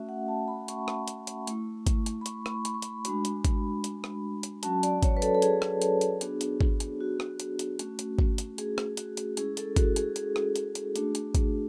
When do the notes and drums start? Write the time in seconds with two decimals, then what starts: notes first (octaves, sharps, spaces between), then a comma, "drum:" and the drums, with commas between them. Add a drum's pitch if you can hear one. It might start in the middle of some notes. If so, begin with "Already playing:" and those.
Already playing: A3 C#4 F#4 E5
0.09 F#5
0.28 A5
0.48 B5
0.68 C#6, drum: hi-hat
0.88 drum: rim click
1.08 drum: hi-hat
1.27 drum: hi-hat
1.47 A3 E4, drum: hi-hat
1.87 drum: kick G#1, hi-hat
2.06 drum: hi-hat
2.21 B5
2.26 C#6, drum: hi-hat
2.46 drum: rim click
2.65 B5, drum: hi-hat
2.74 C#6
2.82 B5, drum: hi-hat
3.05 G#3 D4 F#4, drum: hi-hat
3.25 drum: hi-hat
3.45 drum: kick G#1, hi-hat
3.84 drum: hi-hat
4.04 drum: rim click
4.43 drum: hi-hat
4.63 F#3 C#4 F#4 A5, drum: hi-hat
4.83 D5, drum: hi-hat
5.03 C#5, drum: kick G#1, hi-hat
5.17 B4
5.22 A4, drum: hi-hat
5.35 A4
5.42 G#4, drum: hi-hat
5.62 drum: rim click
5.82 drum: hi-hat
6.01 drum: hi-hat
6.21 B3 D4 F#4, drum: hi-hat
6.41 drum: hi-hat
6.61 drum: kick G#1
6.80 drum: hi-hat
7.01 F#4
7.20 drum: rim click
7.40 drum: hi-hat
7.59 drum: hi-hat
7.79 A3 C#4 F#4, drum: hi-hat
7.99 drum: hi-hat
8.19 drum: kick G#1
8.38 drum: hi-hat
8.58 G#4, drum: hi-hat
8.78 drum: rim click
8.97 F#4, drum: hi-hat
9.17 drum: hi-hat
9.37 G#3 C#4 E4 G#4, drum: hi-hat
9.57 A4, drum: hi-hat
9.76 F#4, drum: kick G#1, hi-hat
9.96 G#4, drum: hi-hat
10.16 G#4, drum: hi-hat
10.36 drum: rim click
10.56 drum: hi-hat
10.75 drum: hi-hat
10.96 A3 D4 F#4, drum: hi-hat
11.15 drum: hi-hat
11.35 drum: kick G#1, hi-hat